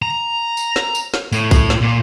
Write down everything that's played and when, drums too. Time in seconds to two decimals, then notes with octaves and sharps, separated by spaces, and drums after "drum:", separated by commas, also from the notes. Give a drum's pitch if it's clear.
0.02 A#5
0.57 drum: tambourine
0.76 drum: snare
0.95 drum: tambourine
1.14 drum: snare
1.32 A2, drum: tambourine
1.51 drum: kick B1, tambourine
1.70 drum: snare
1.81 A#2